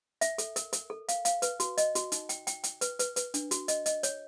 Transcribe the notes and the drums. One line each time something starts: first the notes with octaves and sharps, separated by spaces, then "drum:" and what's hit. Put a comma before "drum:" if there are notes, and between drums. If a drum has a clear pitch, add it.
E5, drum: hi-hat
A4, drum: hi-hat
A#4, drum: hi-hat
A#4, drum: hi-hat
A4
F5, drum: hi-hat
F5, drum: hi-hat
B4, drum: hi-hat
F#4, drum: hi-hat
D#5, drum: hi-hat
F#4, drum: hi-hat
D#4, drum: hi-hat
G5, drum: hi-hat
G5, drum: hi-hat
G5, drum: hi-hat
B4, drum: hi-hat
B4, drum: hi-hat
B4, drum: hi-hat
D4, drum: hi-hat
F#4, drum: hi-hat
D#5, drum: hi-hat
D#5, drum: hi-hat
C#5, drum: hi-hat